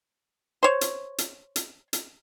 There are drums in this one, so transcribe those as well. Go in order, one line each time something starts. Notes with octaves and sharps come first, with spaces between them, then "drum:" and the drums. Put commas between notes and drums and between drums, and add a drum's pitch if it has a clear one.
C5 C#5
drum: hi-hat
drum: hi-hat
drum: hi-hat
drum: hi-hat